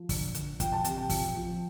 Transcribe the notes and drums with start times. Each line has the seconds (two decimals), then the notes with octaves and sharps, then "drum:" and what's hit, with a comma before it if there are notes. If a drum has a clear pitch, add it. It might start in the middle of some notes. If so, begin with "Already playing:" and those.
Already playing: F3
0.09 D3, drum: kick, open hi-hat
0.35 D3, drum: hi-hat
0.60 F3 G5, drum: kick, hi-hat
0.72 A5
0.84 C3 A5, drum: hi-hat
0.97 G5
1.09 F3, drum: kick, open hi-hat
1.35 F3